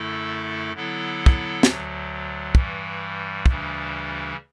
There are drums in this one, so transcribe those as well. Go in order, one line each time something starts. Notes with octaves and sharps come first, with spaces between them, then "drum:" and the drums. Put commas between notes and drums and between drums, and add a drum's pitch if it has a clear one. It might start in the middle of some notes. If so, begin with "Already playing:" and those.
Already playing: F#2 D3 A3 E4 A4
D3 F#3 B3 E4 A4
drum: kick
D2 D3 F#3, drum: snare
G2 E3 G3, drum: kick
D2 C#3 E3 G3 D4, drum: kick